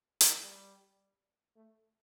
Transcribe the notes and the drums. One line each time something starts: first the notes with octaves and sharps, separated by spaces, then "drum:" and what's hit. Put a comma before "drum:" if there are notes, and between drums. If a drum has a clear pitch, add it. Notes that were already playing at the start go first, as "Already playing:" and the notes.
drum: hi-hat
G3
A3